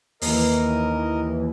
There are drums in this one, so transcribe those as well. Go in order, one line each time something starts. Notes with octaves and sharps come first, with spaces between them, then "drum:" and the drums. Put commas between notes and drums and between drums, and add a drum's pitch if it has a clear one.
D#2 E3 A#4 D#5, drum: open hi-hat